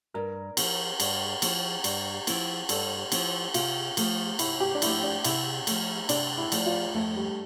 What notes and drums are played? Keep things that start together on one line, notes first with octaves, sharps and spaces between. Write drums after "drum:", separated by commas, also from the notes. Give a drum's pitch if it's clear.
G2 A#4
F3 C4 E4, drum: cymbal
G2, drum: cymbal
F3 C4 E4, drum: cymbal
G2, drum: cymbal
F3 C4 E4, drum: cymbal
G2 A4, drum: cymbal
F3 C4 E4, drum: cymbal
C3 F4, drum: cymbal
F3 A3, drum: cymbal
C3 E4, drum: cymbal
G4
D4
F3 A3 E4, drum: cymbal
D4
C3 E4, drum: cymbal
F3 A3, drum: cymbal
C3 D4, drum: cymbal
E4
F3 A3, drum: cymbal
F4
F2 A3
G3